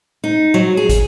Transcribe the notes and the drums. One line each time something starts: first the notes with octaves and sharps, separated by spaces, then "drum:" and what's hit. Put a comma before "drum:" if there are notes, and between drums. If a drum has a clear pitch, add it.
D#4
F#3
G#4
drum: kick, hi-hat